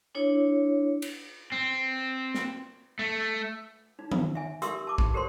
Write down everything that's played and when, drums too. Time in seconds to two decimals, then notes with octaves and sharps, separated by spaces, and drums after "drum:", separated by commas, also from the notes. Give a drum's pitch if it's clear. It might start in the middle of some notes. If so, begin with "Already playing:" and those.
0.15 D4 E4 C#5
1.02 drum: cymbal
1.52 C4
2.35 drum: snare
2.99 A3
3.99 D#4
4.12 drum: tom D#3
4.35 E5 G#5
4.62 G4 A#4 E5 C6 E6, drum: hi-hat
4.87 A5 D6
4.98 drum: kick A#1
5.14 G4 A#4 C5 C6